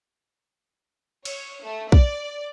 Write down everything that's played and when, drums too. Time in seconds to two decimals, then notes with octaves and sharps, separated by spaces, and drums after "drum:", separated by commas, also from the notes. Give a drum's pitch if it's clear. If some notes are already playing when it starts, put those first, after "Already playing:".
1.25 C#5, drum: cymbal
1.63 A3
1.92 D5, drum: kick A#1